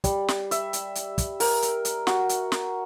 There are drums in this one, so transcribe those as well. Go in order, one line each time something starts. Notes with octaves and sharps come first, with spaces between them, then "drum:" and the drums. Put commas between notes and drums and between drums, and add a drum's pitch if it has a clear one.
G3, drum: kick, hi-hat
drum: snare
E5, drum: hi-hat
drum: hi-hat
drum: hi-hat
drum: kick, hi-hat
A#4, drum: open hi-hat
drum: hi-hat
drum: hi-hat
F#4, drum: snare
drum: hi-hat
drum: snare